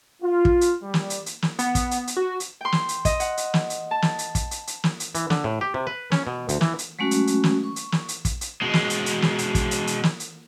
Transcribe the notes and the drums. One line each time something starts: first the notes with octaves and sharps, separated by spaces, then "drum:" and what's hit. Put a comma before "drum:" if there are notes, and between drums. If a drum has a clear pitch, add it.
F4
drum: kick
drum: hi-hat
G3
drum: snare
drum: hi-hat
drum: hi-hat
drum: snare
B3, drum: hi-hat
drum: kick, hi-hat
drum: hi-hat
drum: hi-hat
F#4
drum: hi-hat
G5 C6
drum: snare
drum: hi-hat
D#5, drum: kick, hi-hat
F#5, drum: hi-hat
drum: hi-hat
drum: snare
drum: hi-hat
A5
drum: snare
drum: hi-hat
drum: kick, hi-hat
drum: hi-hat
drum: hi-hat
drum: snare
drum: hi-hat
E3, drum: hi-hat
D3, drum: snare
A2
G4
C3
B4
C#4, drum: snare
B2
D2, drum: hi-hat
E3, drum: snare
drum: hi-hat
F#3 G#3 A3 C#4 F#4
drum: hi-hat
drum: hi-hat
drum: snare
C#6
drum: hi-hat
drum: snare
drum: hi-hat
drum: kick, hi-hat
drum: hi-hat
B2 G#3
drum: snare
drum: hi-hat
drum: hi-hat
drum: snare
drum: hi-hat
drum: kick, hi-hat
drum: hi-hat
drum: hi-hat
drum: snare
drum: hi-hat